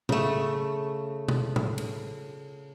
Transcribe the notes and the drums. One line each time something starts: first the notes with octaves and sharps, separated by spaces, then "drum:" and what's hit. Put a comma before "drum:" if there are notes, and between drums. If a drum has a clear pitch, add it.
C#3 A3, drum: tom A2
drum: tom B2
drum: tom A2
drum: cymbal